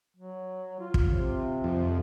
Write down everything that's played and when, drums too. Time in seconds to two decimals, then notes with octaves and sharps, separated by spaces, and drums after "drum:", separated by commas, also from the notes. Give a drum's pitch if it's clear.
0.17 F#3
0.80 F4
0.94 drum: kick
1.10 C3
1.64 F2